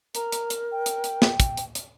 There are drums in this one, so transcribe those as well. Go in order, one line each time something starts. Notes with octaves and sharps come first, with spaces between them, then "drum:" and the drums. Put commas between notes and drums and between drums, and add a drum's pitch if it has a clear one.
A#4 A#5, drum: hi-hat
drum: hi-hat
drum: hi-hat
G5
drum: hi-hat
drum: hi-hat
drum: snare
drum: kick, hi-hat
drum: hi-hat
drum: hi-hat